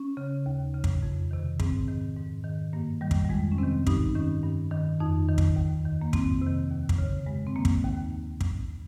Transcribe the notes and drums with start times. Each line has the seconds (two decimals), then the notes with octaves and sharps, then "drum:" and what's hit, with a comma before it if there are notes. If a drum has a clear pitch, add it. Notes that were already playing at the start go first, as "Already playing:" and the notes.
Already playing: C#4
0.17 C#3
0.46 D#2
0.74 C#3
0.84 drum: kick
1.02 F2
1.31 C3 D#3
1.60 G#2 C4, drum: kick
1.88 D#3
2.16 G#2
2.44 D#3
2.73 G2 A#3
3.01 D#3 G3
3.11 drum: kick
3.24 G3
3.29 F2 G#3
3.52 C#4
3.58 C3 D#3 C4
3.87 G2 D#4, drum: kick
4.15 D#3 C#4
4.43 G2
4.71 D#3
5.00 F2 D#4
5.28 D#3
5.38 drum: kick
5.56 D#2
5.85 D#3
6.02 A#3
6.13 F2 C4, drum: kick
6.42 C3
6.47 D#3
6.70 D#2
6.89 drum: kick
6.98 C#3
7.26 G2 G#3
7.47 C4
7.56 D#3 A#3
7.65 drum: kick
7.84 D#2
8.41 drum: kick